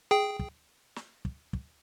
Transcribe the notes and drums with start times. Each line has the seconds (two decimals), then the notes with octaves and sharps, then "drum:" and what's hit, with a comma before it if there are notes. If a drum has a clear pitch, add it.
0.11 G#4 G5
0.39 drum: kick
0.96 drum: snare
1.25 drum: kick
1.53 drum: kick